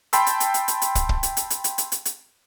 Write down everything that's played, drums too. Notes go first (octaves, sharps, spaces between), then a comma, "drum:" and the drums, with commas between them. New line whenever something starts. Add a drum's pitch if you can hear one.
G5 A5 B5 C6 E6, drum: hi-hat
drum: hi-hat
drum: hi-hat
drum: hi-hat
drum: hi-hat
drum: hi-hat
drum: kick, hi-hat
drum: kick
drum: hi-hat
drum: hi-hat
drum: hi-hat
drum: hi-hat
drum: hi-hat
drum: hi-hat
drum: hi-hat